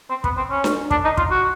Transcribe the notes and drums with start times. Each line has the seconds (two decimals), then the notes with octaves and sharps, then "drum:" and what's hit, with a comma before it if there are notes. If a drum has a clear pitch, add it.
0.10 C4
0.24 B3, drum: kick
0.37 C4
0.51 C#4
0.64 drum: snare D4
0.91 D4, drum: kick
1.05 D#4
1.17 F4, drum: kick
1.31 F#4